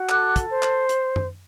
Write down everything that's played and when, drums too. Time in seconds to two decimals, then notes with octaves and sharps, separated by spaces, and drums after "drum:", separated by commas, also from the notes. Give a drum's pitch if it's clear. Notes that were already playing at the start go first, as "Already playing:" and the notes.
Already playing: F#4
0.09 A4 D6 F#6, drum: clap
0.36 drum: kick, hi-hat
0.49 C5
0.63 drum: clap
0.89 drum: hi-hat
1.16 drum: tom F#2